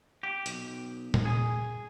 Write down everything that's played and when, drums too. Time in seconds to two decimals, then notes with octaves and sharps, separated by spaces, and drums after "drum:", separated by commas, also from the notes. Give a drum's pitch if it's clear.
0.23 G4
0.46 B1, drum: hi-hat
1.14 drum: tom
1.25 G#4